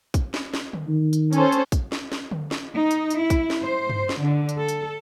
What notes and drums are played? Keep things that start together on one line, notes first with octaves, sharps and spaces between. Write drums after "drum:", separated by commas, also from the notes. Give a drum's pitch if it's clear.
drum: kick, hi-hat
drum: snare
drum: snare
drum: tom D3
D#3
drum: hi-hat
C#4 A4 C5, drum: hi-hat
drum: hi-hat
drum: kick, hi-hat
drum: snare
drum: snare
drum: tom D3
drum: snare
D#4
drum: hi-hat
drum: hi-hat
E4
drum: kick, hi-hat
drum: snare
C5
drum: tom G2
drum: snare
D3
drum: hi-hat
A4
drum: hi-hat